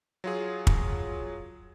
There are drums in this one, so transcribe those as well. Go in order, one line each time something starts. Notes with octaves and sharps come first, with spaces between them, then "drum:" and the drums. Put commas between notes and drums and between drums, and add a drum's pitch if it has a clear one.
F#3 F4 G#4
drum: kick